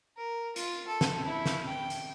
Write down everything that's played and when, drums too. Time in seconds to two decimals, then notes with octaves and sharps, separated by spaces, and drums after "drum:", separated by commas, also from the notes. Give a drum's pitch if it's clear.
0.17 A#4
0.56 F4, drum: hi-hat
0.88 A4
1.01 drum: snare
1.25 E4
1.46 drum: snare
1.68 G5
1.90 drum: hi-hat